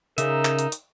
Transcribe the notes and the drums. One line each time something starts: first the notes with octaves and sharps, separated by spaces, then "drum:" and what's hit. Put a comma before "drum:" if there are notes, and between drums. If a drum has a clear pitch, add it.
C#3 D#4 A#4 E5, drum: hi-hat
drum: clap
drum: hi-hat
drum: hi-hat